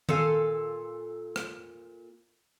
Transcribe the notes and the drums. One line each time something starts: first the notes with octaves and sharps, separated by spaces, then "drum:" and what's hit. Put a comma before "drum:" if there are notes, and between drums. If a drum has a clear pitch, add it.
A#2 A4 F5 G#5, drum: tom D#3
drum: rim click